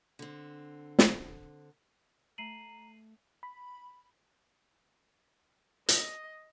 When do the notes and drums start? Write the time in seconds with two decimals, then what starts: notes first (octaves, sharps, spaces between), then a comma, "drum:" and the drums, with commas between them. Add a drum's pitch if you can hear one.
0.19 D3 C4
0.99 drum: snare
2.38 A3 A#5 C7 D#7 F#7
3.43 B5
5.89 D#5, drum: hi-hat